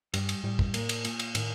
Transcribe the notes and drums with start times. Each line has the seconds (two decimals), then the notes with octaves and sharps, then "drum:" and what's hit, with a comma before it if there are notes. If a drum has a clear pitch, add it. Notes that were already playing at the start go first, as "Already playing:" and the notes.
0.14 G2 G3, drum: cymbal
0.29 drum: cymbal
0.44 A2 G3
0.59 drum: kick
0.74 A#3, drum: cymbal
0.89 drum: cymbal
1.05 A#2, drum: cymbal
1.19 drum: cymbal
1.35 A2 D#3, drum: cymbal